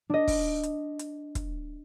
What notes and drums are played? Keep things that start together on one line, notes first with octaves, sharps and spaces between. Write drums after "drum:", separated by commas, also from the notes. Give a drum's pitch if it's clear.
D4 D#5
drum: kick, open hi-hat
drum: hi-hat
drum: hi-hat
drum: kick, hi-hat